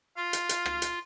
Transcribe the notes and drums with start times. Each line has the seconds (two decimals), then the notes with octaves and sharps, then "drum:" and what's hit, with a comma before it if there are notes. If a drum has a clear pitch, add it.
0.17 F4 F5
0.33 drum: hi-hat
0.49 drum: hi-hat
0.66 drum: rim click
0.82 drum: hi-hat